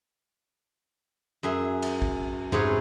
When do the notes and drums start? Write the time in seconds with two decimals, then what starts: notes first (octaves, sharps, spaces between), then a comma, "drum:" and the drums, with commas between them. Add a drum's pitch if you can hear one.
1.43 F#2 G#4 E5
1.82 drum: cymbal
2.02 drum: kick
2.52 G#2 C3 G#4 B4 C#5, drum: tom F2